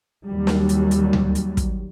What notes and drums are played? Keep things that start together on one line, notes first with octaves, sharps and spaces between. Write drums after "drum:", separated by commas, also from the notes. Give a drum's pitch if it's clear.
D#2 F#3 G3
drum: snare
drum: hi-hat
drum: hi-hat
drum: tom D2
drum: hi-hat
drum: kick, hi-hat